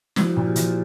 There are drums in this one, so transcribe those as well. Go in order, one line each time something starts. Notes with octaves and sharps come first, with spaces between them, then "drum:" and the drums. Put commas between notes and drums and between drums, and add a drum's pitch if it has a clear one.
F3 E4 F#4, drum: snare
A#2
F4 G4
F3, drum: hi-hat